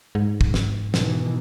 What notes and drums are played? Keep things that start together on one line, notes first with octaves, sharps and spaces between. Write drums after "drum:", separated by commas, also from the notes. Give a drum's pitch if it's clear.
G#2
drum: kick
drum: snare
B2 D#3 E3, drum: snare